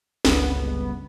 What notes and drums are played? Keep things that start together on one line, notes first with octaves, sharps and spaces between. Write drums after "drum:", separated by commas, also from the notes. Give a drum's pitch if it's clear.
G1 C#2 B3, drum: snare